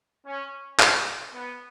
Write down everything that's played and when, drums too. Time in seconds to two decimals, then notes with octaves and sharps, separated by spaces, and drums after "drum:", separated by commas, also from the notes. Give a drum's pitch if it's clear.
0.26 C#4
0.80 C4, drum: clap
1.34 B3